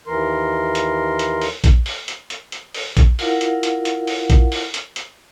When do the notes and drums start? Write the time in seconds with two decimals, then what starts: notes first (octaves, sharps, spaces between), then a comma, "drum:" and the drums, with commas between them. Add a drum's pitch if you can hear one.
0.07 D#2 E3 A#4 C6
0.75 drum: hi-hat
1.19 drum: hi-hat
1.42 drum: open hi-hat
1.64 drum: kick A#1, hi-hat
1.86 drum: open hi-hat
2.08 drum: hi-hat
2.30 drum: hi-hat
2.52 drum: hi-hat
2.74 drum: open hi-hat
2.97 drum: kick A#1, hi-hat
3.19 E4 F4 A#4 F5 F#5, drum: open hi-hat
3.41 drum: hi-hat
3.63 drum: hi-hat
3.85 drum: hi-hat
4.07 drum: open hi-hat
4.30 drum: kick A#1, hi-hat
4.52 drum: open hi-hat
4.74 drum: hi-hat
4.96 drum: hi-hat